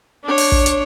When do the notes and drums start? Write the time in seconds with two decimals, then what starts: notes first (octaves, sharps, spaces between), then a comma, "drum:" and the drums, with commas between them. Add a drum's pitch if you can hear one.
0.24 D4 C#5
0.38 drum: open hi-hat
0.52 drum: kick
0.66 drum: hi-hat